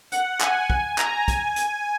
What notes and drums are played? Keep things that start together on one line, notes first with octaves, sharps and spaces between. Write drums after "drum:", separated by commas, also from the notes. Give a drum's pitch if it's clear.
F#5, drum: hi-hat
G#5, drum: clap
drum: kick
A#5, drum: clap
G#5, drum: kick, hi-hat
G#5, drum: hi-hat